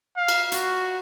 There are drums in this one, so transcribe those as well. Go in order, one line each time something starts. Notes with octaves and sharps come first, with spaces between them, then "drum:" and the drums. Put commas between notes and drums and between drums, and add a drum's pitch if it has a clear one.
F5
drum: cymbal
F#4, drum: hi-hat